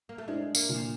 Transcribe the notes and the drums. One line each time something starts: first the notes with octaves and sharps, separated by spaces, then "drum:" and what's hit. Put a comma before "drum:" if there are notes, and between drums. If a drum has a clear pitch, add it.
A#3
A3
G#3 D4
A#3, drum: tambourine
A#2
F3